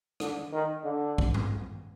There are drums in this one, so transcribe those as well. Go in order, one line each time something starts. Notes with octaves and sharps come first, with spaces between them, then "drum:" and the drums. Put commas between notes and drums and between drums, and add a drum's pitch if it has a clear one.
D3, drum: rim click
D#3
D3
drum: kick A#1
drum: tom G2